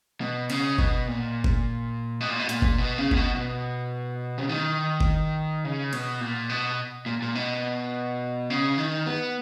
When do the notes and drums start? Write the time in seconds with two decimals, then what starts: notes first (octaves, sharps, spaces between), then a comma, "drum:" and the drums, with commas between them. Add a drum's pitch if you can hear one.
0.21 B2
0.50 C#3, drum: cymbal
0.79 B2, drum: kick G1
1.07 A#2
1.44 drum: kick G1
2.20 B2
2.30 A#2
2.39 B2
2.49 A#2, drum: hi-hat
2.62 drum: kick G1
2.78 B2
2.98 C#3
3.11 A#2, drum: kick G1
3.16 B2
3.35 B2
4.38 C#3
4.49 D#3
5.01 drum: kick G1
5.64 C#3
5.93 B2, drum: cymbal
6.21 A#2
6.49 B2
7.06 A#2
7.22 A#2
7.35 B2
8.50 C#3
8.78 D#3
9.06 B3